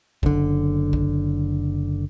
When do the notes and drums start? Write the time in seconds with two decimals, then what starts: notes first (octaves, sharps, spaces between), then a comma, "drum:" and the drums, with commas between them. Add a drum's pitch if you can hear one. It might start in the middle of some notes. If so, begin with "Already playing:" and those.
0.23 F#1 D3, drum: kick A#1
0.93 drum: kick A#1